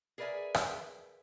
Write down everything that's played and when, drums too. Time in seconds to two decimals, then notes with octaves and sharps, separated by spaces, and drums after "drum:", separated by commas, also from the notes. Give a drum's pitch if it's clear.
0.18 G#4 A#4 B4 D5 E5 G#5
0.54 drum: rim click